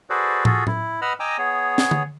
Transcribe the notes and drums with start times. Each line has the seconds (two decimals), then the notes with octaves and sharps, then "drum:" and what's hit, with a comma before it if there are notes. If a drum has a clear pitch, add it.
0.10 F#4 G#4 A4 B4 C5 D5
0.45 F4 F#4 G#4 A4, drum: tom
0.67 E4, drum: tom A2
1.02 B4 D#5 F#5 B5 E6 F6
1.20 D#5 G5 G#5 A#5 D6 E6
1.38 B3 G#4 C#5
1.78 drum: snare
1.91 drum: tom D3